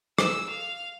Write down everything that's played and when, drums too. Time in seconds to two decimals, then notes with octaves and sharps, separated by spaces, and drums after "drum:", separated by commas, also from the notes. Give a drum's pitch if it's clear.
0.18 E6, drum: rim click
0.50 F5